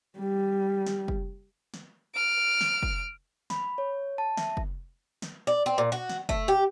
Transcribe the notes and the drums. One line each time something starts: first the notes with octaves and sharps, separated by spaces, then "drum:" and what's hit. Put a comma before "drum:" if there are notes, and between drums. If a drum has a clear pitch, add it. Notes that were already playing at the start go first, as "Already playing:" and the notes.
G3
drum: snare
drum: kick
drum: snare
F6 D7
drum: snare
drum: kick
B5, drum: snare
C#5
A5
E5, drum: snare
drum: kick
drum: snare
D5
C4
A#2
F#4
drum: snare
A3, drum: kick
G4